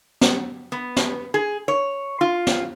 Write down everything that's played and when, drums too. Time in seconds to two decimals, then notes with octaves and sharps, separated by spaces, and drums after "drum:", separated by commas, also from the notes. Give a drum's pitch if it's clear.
0.21 drum: snare
0.72 B3
0.96 drum: snare
1.34 G#4
1.68 C#5
2.21 F4
2.47 drum: snare